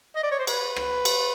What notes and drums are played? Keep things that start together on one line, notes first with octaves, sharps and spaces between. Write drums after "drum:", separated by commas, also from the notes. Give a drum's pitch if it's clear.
D#5
D5
C#5
C5
B4, drum: cymbal
drum: rim click
drum: cymbal